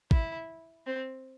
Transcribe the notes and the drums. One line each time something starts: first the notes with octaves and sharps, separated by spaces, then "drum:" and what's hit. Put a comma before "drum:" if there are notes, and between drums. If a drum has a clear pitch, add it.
E4, drum: kick
C4